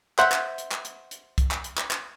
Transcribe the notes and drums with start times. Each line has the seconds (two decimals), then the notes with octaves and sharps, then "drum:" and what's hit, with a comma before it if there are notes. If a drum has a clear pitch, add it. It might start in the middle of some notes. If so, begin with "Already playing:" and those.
0.19 C5 E5 F#5, drum: clap
0.32 drum: clap
0.58 drum: hi-hat
0.72 drum: clap
0.85 drum: hi-hat
1.11 drum: hi-hat
1.38 drum: kick C2, hi-hat
1.51 drum: clap
1.64 drum: hi-hat
1.78 drum: clap
1.91 drum: clap